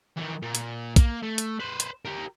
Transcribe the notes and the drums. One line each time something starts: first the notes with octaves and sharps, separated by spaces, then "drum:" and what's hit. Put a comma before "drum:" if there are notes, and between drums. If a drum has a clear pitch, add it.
D#3 E3
A#2
drum: hi-hat
A#3, drum: kick, hi-hat
A3
drum: hi-hat
B4 C5
drum: hi-hat
G4 A#4